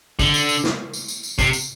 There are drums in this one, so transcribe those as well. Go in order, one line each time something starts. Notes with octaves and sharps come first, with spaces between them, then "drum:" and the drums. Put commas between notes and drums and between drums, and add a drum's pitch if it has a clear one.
D3, drum: kick, tambourine
drum: tambourine
drum: tambourine
drum: snare
drum: tambourine
drum: tambourine
drum: tambourine
C3, drum: kick, tambourine
drum: tambourine